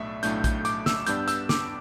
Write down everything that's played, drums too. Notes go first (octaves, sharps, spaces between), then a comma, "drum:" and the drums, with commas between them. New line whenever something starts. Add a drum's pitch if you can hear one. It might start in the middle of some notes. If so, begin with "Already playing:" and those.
Already playing: B1 A2 A3 D4 E5
B1 A2 A3 D4 G6, drum: hi-hat
G6, drum: kick A#1, hi-hat
D6, drum: hi-hat
E6, drum: snare
G2 G3 B3 D4 G6, drum: hi-hat
E6, drum: hi-hat
D6, drum: snare